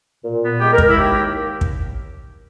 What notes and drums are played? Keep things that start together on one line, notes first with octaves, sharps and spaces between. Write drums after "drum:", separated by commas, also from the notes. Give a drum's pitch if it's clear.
A#2
B3
G#3 G4
A#4
G#3, drum: kick
E4
D#2 G4
drum: kick